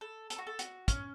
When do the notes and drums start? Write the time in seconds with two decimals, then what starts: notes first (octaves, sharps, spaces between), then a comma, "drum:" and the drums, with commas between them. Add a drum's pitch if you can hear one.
0.01 A4
0.30 A4, drum: hi-hat
0.38 F#4
0.47 A4
0.59 F#4, drum: hi-hat
0.88 C#4, drum: kick, hi-hat